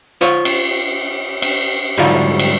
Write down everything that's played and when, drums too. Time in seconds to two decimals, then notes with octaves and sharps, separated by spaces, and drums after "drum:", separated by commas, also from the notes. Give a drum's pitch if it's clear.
0.21 F4 C5 C#5
0.45 drum: cymbal
1.42 drum: cymbal
1.97 G#2 D3 F#3 G3 F4
2.39 drum: cymbal